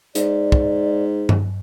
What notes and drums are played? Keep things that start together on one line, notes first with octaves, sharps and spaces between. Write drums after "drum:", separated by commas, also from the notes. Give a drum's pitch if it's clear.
G#2 D5, drum: hi-hat
drum: kick
drum: tom G2